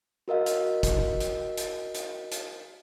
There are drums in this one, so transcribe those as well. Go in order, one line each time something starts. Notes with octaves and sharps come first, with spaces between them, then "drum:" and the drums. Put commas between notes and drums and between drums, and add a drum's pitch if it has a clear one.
F#4 A#4 D#5 F5
drum: hi-hat
drum: kick, hi-hat
drum: hi-hat
drum: hi-hat
drum: hi-hat
drum: hi-hat